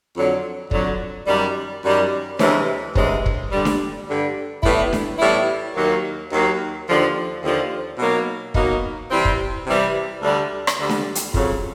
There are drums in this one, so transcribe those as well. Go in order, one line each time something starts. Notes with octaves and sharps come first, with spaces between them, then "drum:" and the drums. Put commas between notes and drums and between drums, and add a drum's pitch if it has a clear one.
F2 D3 F#3
F2 D3 F#3, drum: kick
F#2 D#3 G3
F#2 D#3 G3
D2 C3 E3 G#3 C#4, drum: snare D4
D2 C3 E3 G#3 C#4, drum: kick
drum: kick
G2 D3 G3
drum: snare D4
G2 D3 G3
A2 E3 G3 B3 E4, drum: kick
drum: snare D4
A2 E3 G3 B3 E4
D#2 D#3 F#3 A#3
D#2 D#3 F#3 A#3
D#2 D3 F3
D#2 D3 F3
B2 F#3 A#3 D#4
B2 F#3 A#3 D#4, drum: kick
C3 E3 G3 C4
drum: kick
C3 E3 G3 C4
D2 D3 G3
drum: rim click
D2 D3 G3
drum: snare D4
drum: hi-hat
F2 C#3 F#3, drum: kick